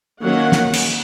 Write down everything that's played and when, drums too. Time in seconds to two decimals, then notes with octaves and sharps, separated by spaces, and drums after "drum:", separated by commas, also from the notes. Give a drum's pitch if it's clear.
0.22 D#3 F#3 A#3 C#4 F#5
0.52 drum: snare
0.73 drum: cymbal